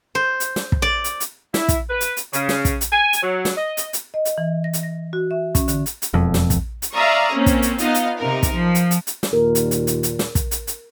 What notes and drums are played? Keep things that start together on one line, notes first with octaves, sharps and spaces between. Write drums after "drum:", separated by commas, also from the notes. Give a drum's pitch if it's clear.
C5
drum: hi-hat
drum: snare
drum: kick
D5
drum: hi-hat
drum: hi-hat
E4, drum: snare
drum: kick, hi-hat
B4
drum: hi-hat
drum: hi-hat
C#3, drum: hi-hat
drum: snare
drum: kick, hi-hat
drum: hi-hat
G#5
drum: hi-hat
F#3
drum: snare
D#5
drum: hi-hat
drum: hi-hat
D#5
drum: hi-hat
E3
A#6
drum: hi-hat
A#6
F#4
E5
C#4, drum: kick, hi-hat
D3, drum: hi-hat
drum: hi-hat
drum: hi-hat
E1 F2
drum: snare
drum: kick, hi-hat
drum: hi-hat
D5 E5 F5 A#5 C#6 D#6
A#3 C4 C#4
drum: kick, hi-hat
drum: hi-hat
B3 D#4 F4 D#5 F5, drum: hi-hat
drum: hi-hat
C3 D#4 A#4
drum: kick, hi-hat
F3
drum: hi-hat
drum: hi-hat
drum: hi-hat
drum: snare
D#2 A#2 A#4
drum: hi-hat
drum: hi-hat
drum: hi-hat
drum: hi-hat
drum: snare
drum: kick, hi-hat
drum: hi-hat
drum: hi-hat